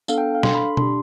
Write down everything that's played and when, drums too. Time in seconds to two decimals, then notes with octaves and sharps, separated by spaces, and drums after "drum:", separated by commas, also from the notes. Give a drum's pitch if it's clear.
0.08 B3 D4 A4 F5, drum: tambourine
0.18 G5
0.35 F5
0.43 D4 A4 C6, drum: snare
0.55 B5
0.77 D4 G4 C6, drum: tom B2